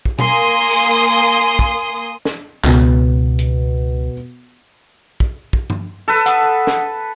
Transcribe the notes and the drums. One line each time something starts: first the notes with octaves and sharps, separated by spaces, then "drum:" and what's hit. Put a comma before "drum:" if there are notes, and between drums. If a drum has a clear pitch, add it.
drum: kick
A#3 G#5 C6 D#6, drum: tom B2
drum: open hi-hat
drum: kick
drum: snare
C#2 B2 B3 F#4, drum: clap
drum: hi-hat
drum: kick
drum: kick
drum: tom G2
A4 B4
F#5 D#6, drum: hi-hat
drum: snare